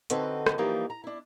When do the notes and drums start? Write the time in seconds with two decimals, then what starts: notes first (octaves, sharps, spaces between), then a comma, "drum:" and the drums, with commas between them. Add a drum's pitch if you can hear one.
0.10 D3 C4 D#4 F#4 A4 B4, drum: hi-hat
0.46 drum: rim click
0.58 A#2 E3 F3 G3 A#3 D#4
0.90 A#5
1.04 D4 E4